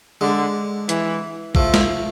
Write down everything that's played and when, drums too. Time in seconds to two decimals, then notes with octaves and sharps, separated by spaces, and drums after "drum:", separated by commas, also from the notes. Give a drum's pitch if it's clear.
0.21 D3 G#3
0.89 E3, drum: hi-hat
1.55 F3 A3, drum: kick A1
1.74 drum: snare